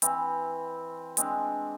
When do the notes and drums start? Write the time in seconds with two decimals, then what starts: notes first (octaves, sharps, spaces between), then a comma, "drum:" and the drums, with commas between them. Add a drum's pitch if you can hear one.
0.02 E3 C4, drum: hi-hat
1.17 G#3 C4 D4, drum: hi-hat